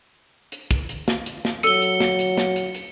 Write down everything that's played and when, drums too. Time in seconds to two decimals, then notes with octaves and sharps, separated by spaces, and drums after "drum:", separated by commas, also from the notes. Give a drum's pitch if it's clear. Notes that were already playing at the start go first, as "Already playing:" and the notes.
0.52 drum: hi-hat
0.71 drum: kick, hi-hat
0.89 drum: hi-hat
1.08 drum: snare
1.26 drum: hi-hat
1.45 drum: snare
1.63 F#3 A4 E6 C#7 D#7 G7, drum: hi-hat
1.82 drum: hi-hat
2.00 drum: snare
2.19 drum: hi-hat
2.37 drum: snare
2.56 drum: hi-hat
2.75 drum: hi-hat